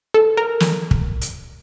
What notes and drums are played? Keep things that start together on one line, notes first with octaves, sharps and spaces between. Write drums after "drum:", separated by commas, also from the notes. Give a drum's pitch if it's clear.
A4
A#4
drum: snare
drum: kick
drum: hi-hat